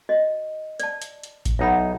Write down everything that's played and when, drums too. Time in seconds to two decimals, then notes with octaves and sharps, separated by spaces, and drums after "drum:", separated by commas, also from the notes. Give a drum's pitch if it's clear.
0.09 F#4 D#5
0.80 D5 A5, drum: hi-hat
1.02 drum: hi-hat
1.23 drum: hi-hat
1.45 drum: kick A1, hi-hat
1.59 B1 D#4 E5 F#5 B5